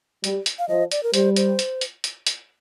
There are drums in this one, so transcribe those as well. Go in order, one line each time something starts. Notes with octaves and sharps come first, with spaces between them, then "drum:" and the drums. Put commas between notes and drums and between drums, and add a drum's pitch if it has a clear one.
G3, drum: hi-hat
drum: hi-hat
F5
F3 D#5
D5, drum: hi-hat
A#4
G3 C5, drum: hi-hat
C5, drum: hi-hat
drum: hi-hat
drum: hi-hat
drum: hi-hat
drum: hi-hat